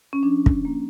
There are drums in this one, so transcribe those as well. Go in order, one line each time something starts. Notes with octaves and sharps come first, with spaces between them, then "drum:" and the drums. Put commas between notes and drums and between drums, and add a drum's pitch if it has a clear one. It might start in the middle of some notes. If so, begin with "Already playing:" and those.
C#4
F3 D4
drum: kick
A#3